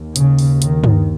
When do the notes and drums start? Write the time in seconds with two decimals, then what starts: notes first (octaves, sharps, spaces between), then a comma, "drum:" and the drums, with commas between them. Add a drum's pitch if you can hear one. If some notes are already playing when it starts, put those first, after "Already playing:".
Already playing: D#2
0.16 C#3, drum: hi-hat
0.39 drum: open hi-hat
0.62 D#3, drum: hi-hat
0.84 drum: tom G2